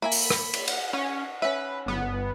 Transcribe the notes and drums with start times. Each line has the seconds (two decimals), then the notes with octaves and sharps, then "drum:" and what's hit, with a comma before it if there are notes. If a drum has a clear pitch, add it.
0.02 A#3 E5 G#5 B5
0.12 drum: open hi-hat
0.30 drum: rim click
0.53 drum: cymbal
0.67 drum: cymbal
0.93 C#4 C#5
1.42 C#4 B4 E5
1.86 G1 B3